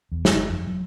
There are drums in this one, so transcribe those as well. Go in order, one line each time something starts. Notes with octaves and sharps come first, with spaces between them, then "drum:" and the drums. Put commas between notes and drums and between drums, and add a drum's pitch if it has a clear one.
E2
G1, drum: snare
F2
F#3